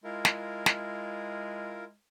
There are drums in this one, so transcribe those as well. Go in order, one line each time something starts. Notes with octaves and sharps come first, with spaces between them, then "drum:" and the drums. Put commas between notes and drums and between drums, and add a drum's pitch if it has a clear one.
G#3 E4 F4 A#4
drum: snare
drum: snare